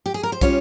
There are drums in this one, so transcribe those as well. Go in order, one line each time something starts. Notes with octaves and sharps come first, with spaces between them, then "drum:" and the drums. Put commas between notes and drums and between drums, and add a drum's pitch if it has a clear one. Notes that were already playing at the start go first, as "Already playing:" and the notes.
G4
G#4
A#4
C5
G3 C#4 F4 C#5, drum: kick, hi-hat